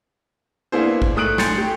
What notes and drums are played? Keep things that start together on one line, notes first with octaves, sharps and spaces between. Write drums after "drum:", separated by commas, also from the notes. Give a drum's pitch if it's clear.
A#3 B3 D4 E4 G#4 C5
drum: kick A1
G#2 A3 D#6 F#6 D7 F#7
G#5 C6 G6 A6 C7 C#7, drum: snare
A3 G4